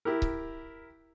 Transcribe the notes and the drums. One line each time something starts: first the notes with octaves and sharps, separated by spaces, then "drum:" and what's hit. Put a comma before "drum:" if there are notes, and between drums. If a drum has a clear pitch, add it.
E4 G4 A#4
drum: kick C#1